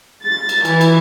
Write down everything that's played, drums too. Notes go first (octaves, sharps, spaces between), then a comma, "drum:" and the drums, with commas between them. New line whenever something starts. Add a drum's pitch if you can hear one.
A6
drum: cymbal
E3, drum: cymbal
drum: cymbal